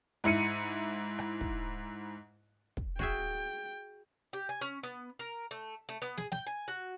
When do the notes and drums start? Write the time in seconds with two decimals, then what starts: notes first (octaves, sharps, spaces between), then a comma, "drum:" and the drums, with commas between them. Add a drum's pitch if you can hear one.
0.24 G#2 E4 C#7 D#7
1.19 drum: rim click
1.41 drum: kick
2.77 drum: kick
2.99 F#4 G#4 E5 G5, drum: kick
4.33 G4
4.49 G#5
4.61 C#4
4.83 B3
5.19 A#4
5.51 A3
5.89 A3
6.02 B3, drum: hi-hat
6.18 G#4, drum: snare
6.32 G5, drum: snare
6.47 G#5
6.68 F#4